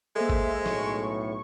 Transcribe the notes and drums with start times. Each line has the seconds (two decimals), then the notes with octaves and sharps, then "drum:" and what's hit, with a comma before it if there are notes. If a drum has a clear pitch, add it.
0.16 G#3 A#3 A4 C5 E5
0.30 drum: kick G#1
0.66 B1 A2 C#6, drum: snare